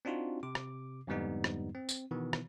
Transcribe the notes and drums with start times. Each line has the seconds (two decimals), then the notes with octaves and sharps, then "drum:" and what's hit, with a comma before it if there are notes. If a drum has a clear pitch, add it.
0.05 C4 D4 D#4 F4 F#4
0.43 C3 D6
0.55 drum: rim click
1.07 F2 G#2 D3 G3 B3 D#4
1.44 drum: rim click
1.75 C4
1.89 drum: tambourine
2.11 B2 D#3 E3 B3
2.33 drum: rim click